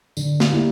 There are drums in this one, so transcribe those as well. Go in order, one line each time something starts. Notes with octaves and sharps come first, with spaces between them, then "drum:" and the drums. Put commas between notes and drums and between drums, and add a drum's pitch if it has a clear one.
D3, drum: tambourine
drum: snare
G3 A#3 E4